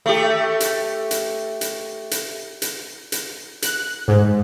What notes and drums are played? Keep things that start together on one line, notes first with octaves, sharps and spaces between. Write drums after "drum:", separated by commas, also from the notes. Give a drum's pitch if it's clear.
A3 G4
drum: hi-hat
drum: hi-hat
drum: hi-hat
drum: hi-hat
drum: hi-hat
drum: hi-hat
F#6, drum: hi-hat
G#2